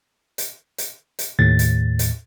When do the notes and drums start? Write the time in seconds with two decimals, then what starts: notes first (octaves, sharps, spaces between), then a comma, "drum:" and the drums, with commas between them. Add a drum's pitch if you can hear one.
0.38 drum: hi-hat
0.78 drum: hi-hat
1.19 drum: hi-hat
1.39 D#2 A2 A6
1.59 drum: hi-hat
1.99 drum: hi-hat